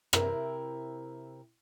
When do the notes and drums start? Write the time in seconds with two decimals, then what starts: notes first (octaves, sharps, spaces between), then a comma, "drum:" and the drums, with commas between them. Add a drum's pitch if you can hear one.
0.13 C3 C4 E4 A#4, drum: rim click